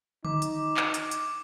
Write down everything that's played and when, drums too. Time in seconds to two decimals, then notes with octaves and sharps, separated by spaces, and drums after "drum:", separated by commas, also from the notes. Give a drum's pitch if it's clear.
0.25 D#4 D6, drum: tom D3
0.42 drum: hi-hat
0.77 drum: clap
0.94 drum: hi-hat
1.11 drum: hi-hat